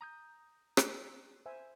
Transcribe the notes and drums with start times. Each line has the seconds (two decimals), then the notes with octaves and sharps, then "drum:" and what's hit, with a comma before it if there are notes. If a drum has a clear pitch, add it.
0.01 A#5 D#6 G6
0.77 drum: rim click
1.46 C5 E5 G#5